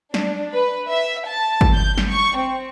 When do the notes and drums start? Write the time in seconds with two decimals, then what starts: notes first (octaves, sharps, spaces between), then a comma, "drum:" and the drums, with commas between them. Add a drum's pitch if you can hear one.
0.14 D4, drum: snare
0.55 B4
0.91 E5
1.27 A5
1.61 drum: kick G#1
1.73 G6
1.98 drum: snare
2.09 C#6
2.37 C4